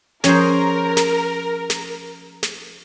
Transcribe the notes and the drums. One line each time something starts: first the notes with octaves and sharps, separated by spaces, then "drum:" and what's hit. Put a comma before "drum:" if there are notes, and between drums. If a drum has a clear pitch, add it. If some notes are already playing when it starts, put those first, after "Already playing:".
F3 C#4 G#4 A#4 C5, drum: snare
drum: snare
drum: snare
drum: snare